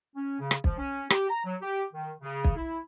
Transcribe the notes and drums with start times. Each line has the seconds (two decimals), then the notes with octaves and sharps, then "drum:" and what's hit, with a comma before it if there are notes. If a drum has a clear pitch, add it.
0.16 C#4
0.40 C#3
0.51 drum: rim click
0.64 F3, drum: kick
0.78 C#4
1.10 G4, drum: rim click
1.29 A#5
1.45 F#3
1.61 G4
1.93 D#3
2.22 C#3
2.44 drum: kick
2.56 E4